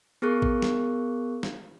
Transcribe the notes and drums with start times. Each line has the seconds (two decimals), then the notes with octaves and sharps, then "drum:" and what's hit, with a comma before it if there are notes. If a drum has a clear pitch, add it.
0.22 B3 G#4 A#4 C#6 F#6
0.42 drum: kick A1
0.62 drum: snare
1.43 drum: snare